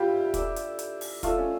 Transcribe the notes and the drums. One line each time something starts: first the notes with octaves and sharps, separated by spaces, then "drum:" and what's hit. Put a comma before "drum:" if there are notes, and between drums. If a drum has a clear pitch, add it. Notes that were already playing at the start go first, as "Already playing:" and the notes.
Already playing: G3 E4 F4 G4 A4
D4 A4 D5, drum: kick, hi-hat
drum: hi-hat
drum: hi-hat
drum: open hi-hat
A3 D4 F4 A4, drum: kick, hi-hat
C#4